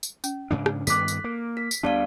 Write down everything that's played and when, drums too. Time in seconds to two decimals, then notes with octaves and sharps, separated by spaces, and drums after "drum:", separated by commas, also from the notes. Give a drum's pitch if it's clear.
0.03 drum: tambourine
0.24 C#4, drum: tambourine
0.51 G#2 C#3 D4
0.66 drum: rim click
0.87 G2 D#3 B3 A4 D6 F#6 B6, drum: tambourine
1.08 drum: tambourine
1.24 A#3
1.57 A#4 B6
1.71 drum: tambourine
1.83 D2 G3 B3 D4 D5 F5 A5